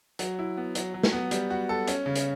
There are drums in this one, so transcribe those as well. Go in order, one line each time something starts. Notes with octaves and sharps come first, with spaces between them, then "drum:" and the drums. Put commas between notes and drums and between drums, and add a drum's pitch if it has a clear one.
F#3, drum: hi-hat
E4
B3
F#3, drum: hi-hat
F#3
drum: snare
B3
G3, drum: hi-hat
F#4
A4
C#4, drum: hi-hat
C#3
drum: hi-hat